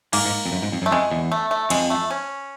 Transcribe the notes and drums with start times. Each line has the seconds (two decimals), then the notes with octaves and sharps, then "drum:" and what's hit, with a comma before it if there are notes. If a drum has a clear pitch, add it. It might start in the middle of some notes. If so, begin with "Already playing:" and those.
0.13 G#2 A#3, drum: cymbal
0.25 G#2
0.46 F2
0.52 F#2
0.62 G#2
0.72 F2
0.82 F#2
0.86 A3
0.92 F2 G#3
1.12 E2
1.32 A3
1.51 A3
1.70 F2 G#3, drum: cymbal
1.90 A3
2.11 C#4